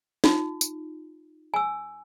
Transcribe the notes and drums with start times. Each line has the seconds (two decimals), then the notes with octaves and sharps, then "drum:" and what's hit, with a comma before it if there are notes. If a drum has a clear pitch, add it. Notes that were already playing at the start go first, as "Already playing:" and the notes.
0.24 D#4 F4, drum: snare
0.61 drum: tambourine
1.54 G#5 E6